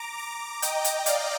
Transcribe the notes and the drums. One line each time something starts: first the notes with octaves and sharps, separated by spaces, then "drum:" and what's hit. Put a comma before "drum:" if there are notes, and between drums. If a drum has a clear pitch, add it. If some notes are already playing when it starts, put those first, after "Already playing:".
Already playing: A#5 D6
A#5 D6
D#5 G5, drum: hi-hat
drum: hi-hat
D5 F5, drum: hi-hat